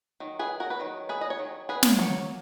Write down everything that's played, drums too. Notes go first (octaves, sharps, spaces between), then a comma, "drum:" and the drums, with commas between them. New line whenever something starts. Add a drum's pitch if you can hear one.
D#3 F#3
G#4 B4
F#4 A#4
B4
D#3 F#3
G#4 B4
D#5
C#5
D#3 F#3
G#4 B4
drum: snare
F#3 A#3 C#5